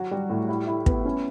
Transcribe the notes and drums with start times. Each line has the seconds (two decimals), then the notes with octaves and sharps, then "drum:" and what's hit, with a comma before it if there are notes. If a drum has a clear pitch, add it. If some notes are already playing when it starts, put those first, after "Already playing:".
Already playing: F#3 F#4
0.11 G3
0.30 A2
0.49 E4
0.67 E4
0.86 B3, drum: kick
1.05 C#4